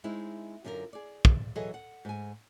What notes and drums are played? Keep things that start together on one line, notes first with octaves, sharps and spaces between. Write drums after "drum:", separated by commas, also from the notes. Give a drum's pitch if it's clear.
G#3 C4 D#4 E4
F#2 D3 F4 G#4 A#4
G#4 D5
drum: kick
E3 F#3 F#4 G#4 A4 D#5
F#5
G#2 G#5